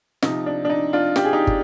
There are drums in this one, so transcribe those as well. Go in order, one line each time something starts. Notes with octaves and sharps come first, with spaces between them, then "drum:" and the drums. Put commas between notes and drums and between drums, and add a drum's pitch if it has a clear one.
C3 F3 D#4, drum: snare
D4
D4
D#4
D4 F4
G4, drum: snare
G#4
D#4 G4
drum: kick